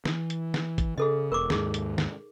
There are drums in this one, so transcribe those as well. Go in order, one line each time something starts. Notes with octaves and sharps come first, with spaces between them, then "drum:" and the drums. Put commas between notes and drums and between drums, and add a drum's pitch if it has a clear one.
E3, drum: snare
drum: hi-hat
drum: snare
drum: kick, hi-hat
C#3 G#4 A4 D#5
E1 A#4 C#6 D6
D#2 G#2 D#4 G#4, drum: snare
drum: hi-hat
drum: snare